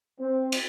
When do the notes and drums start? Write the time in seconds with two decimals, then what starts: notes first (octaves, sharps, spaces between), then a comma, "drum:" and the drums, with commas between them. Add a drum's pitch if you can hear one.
0.20 C4
0.52 drum: cymbal